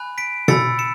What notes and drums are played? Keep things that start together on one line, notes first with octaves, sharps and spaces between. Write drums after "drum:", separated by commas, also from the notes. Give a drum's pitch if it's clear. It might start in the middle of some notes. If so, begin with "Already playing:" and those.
Already playing: G#5 B5 F#6
B6 D7
B5 E6 A6 C#7, drum: tom B2
C#7 E7